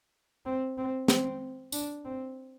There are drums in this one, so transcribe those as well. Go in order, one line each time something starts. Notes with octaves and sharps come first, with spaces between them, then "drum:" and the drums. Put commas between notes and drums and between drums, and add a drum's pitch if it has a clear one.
C4
C4
C4, drum: snare
D4, drum: tambourine
C4